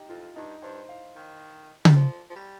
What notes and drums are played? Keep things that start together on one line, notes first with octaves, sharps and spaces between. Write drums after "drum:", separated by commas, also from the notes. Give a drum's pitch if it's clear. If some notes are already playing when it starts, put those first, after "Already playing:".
Already playing: D#4 G4
F2 F4
G2 D#4
G2 C5
F5
D#3
G3, drum: tom C#3
F3
F3
G3